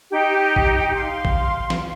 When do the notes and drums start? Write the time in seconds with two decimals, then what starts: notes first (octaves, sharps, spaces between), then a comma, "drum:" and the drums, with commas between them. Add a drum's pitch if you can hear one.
0.11 D#4 G4
0.56 drum: kick A#1
0.94 F5 C6
1.25 drum: kick A#1
1.70 drum: snare